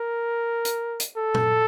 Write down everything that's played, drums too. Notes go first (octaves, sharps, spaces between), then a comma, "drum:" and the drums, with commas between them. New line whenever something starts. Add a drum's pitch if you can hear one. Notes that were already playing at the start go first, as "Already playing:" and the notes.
Already playing: A#4
drum: hi-hat
drum: hi-hat
A4
drum: tom A#2